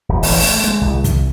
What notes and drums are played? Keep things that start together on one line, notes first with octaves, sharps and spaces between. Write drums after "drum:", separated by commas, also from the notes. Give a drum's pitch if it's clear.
D1
A1, drum: open hi-hat
A3, drum: open hi-hat
G#3
C2
drum: kick, hi-hat